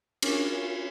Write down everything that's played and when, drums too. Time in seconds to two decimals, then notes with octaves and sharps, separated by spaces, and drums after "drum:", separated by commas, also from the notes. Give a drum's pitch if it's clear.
0.22 C#4 D4 F4 A#4, drum: cymbal